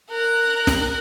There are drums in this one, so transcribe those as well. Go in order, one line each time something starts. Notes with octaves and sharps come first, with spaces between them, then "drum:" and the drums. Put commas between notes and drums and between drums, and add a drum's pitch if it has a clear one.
A#4 F#6
drum: snare